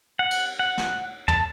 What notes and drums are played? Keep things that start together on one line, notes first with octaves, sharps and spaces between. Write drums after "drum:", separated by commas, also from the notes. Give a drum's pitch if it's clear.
F#5
drum: cymbal
F#5
drum: snare
A5, drum: tom